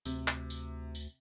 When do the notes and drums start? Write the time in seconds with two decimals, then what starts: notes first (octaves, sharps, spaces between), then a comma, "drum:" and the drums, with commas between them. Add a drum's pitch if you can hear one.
0.05 D2 C3, drum: tambourine
0.28 drum: clap
0.50 drum: tambourine
0.95 drum: tambourine